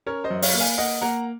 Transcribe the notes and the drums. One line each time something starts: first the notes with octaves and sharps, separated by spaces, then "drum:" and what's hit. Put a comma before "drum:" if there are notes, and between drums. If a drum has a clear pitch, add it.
C#4 A#4 C#5
C5 D#5
F#2
C#5 F5, drum: open hi-hat
A#3
F5 G#5
A#3 D#5 F#5
A#3 F#5 A#5